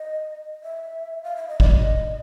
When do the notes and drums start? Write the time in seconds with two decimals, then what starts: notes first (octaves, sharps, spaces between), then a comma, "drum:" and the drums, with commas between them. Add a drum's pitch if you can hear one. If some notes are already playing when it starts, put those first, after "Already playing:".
Already playing: D#5
0.63 E5
1.24 F5
1.36 E5
1.49 D#5
1.60 D5, drum: kick
1.72 D#5